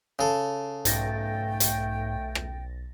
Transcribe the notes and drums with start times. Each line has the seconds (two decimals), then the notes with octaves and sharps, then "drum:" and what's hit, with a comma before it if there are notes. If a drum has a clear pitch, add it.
0.19 C#3 A4
0.85 B1 G#2 A3 G5 A6 A#6, drum: hi-hat
1.60 drum: hi-hat
2.35 drum: rim click